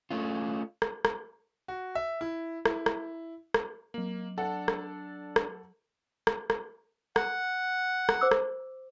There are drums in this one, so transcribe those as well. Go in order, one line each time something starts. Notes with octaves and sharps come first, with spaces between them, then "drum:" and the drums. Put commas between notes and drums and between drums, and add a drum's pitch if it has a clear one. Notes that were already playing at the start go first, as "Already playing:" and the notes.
A3 C#4 F4
drum: rim click
drum: rim click
F#4
E5
E4
E4, drum: rim click
drum: rim click
drum: rim click
F#3 A#3 F#7
D4 A4 F#5 A5
drum: rim click
drum: rim click
drum: rim click
drum: rim click
F#5, drum: rim click
drum: rim click
C5 D6 E6
drum: rim click